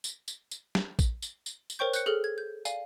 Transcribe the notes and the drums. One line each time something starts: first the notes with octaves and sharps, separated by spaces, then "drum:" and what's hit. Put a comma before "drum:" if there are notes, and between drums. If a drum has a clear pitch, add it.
drum: tambourine
drum: tambourine
drum: tambourine
drum: snare
drum: kick A#1, tambourine
drum: tambourine
drum: tambourine
drum: tambourine
A#4 C5 C#5 G5 C#6 G6
F#6 G6 C#7, drum: tambourine
G#4 A4 F6 F#7
G#6
G6
D5 F5 G#5, drum: tambourine